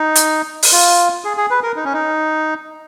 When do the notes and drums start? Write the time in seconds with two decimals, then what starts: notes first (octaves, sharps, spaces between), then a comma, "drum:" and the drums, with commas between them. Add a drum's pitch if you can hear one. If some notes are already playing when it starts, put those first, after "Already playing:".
Already playing: D#4
0.15 drum: hi-hat
0.63 drum: open hi-hat
0.72 F4
1.24 G#4
1.37 G#4
1.51 B4
1.63 A#4
1.76 D#4
1.85 C#4
1.93 D#4